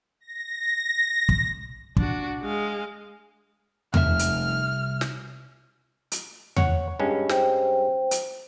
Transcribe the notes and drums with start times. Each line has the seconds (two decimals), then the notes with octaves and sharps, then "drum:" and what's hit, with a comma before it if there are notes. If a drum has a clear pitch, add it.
0.21 A#6
1.29 drum: kick
1.96 D4 F#4, drum: kick
2.42 G#3 F5
3.94 F1 C2 E5 F6, drum: tom E2
4.19 drum: hi-hat
5.01 drum: snare
6.12 drum: hi-hat
6.56 C#5 F#5, drum: tom E2
7.00 G2 G#3 C#4
7.29 C5 G5, drum: snare
8.11 drum: hi-hat